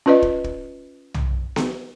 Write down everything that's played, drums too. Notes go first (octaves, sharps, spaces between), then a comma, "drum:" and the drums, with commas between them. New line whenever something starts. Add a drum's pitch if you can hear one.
C#4 F4 B4 D5 D#5
drum: kick
drum: kick
drum: tom
drum: snare B3